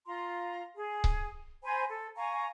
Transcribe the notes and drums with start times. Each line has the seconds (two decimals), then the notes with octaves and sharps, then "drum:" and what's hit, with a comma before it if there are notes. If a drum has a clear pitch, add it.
0.06 F4 A#5 C6
0.76 G#4
1.04 drum: kick C#1
1.64 C5 G#5 A#5 B5
1.89 A4
2.16 F5 G#5 A#5 C#6